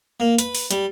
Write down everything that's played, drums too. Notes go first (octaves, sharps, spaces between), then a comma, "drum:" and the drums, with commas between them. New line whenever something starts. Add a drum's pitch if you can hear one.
A#3
B4, drum: hi-hat
drum: open hi-hat
G3, drum: hi-hat